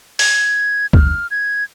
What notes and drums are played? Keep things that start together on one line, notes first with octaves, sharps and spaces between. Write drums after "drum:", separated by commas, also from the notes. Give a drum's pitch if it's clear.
G#6, drum: open hi-hat
F6, drum: kick
G#6